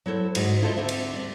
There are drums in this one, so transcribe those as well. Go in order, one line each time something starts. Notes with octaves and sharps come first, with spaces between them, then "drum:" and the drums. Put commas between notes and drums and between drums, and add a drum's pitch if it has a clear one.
F#3 E4 A4 C5
D2 G#2 F#4 G#4 D5 G#5, drum: cymbal
E4 F4 A4 C5 C#5 D#5
D2 C4 D4 E5
drum: cymbal
G3 D5